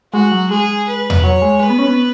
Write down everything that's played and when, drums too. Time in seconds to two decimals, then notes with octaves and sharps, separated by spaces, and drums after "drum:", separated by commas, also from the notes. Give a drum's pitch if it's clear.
0.14 G#3 F#4
0.32 F#3
0.51 G#3 G#4
0.87 B4
1.10 drum: tom E2
1.23 F#3 C#5
1.42 G#3
1.60 G#3 B4
1.70 B3
1.79 C#4
1.87 B3